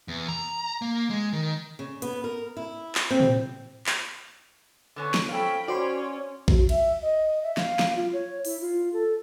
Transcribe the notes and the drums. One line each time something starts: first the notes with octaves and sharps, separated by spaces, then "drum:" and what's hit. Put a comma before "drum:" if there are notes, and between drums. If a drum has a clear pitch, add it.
E2
A#5
A#3
G#3
D#3
C#3
B3, drum: hi-hat
A#4
E4
drum: clap
C4
drum: tom
drum: clap
D3 B3 C#4
drum: snare
F3 C#4 A4 F5 G5 B5
C#4 F#4 C5 D5 C6
F#4, drum: kick A#1
E5, drum: cymbal
D#5
E5
F5, drum: snare
drum: snare
F4
C#5
E4, drum: open hi-hat
F4
A4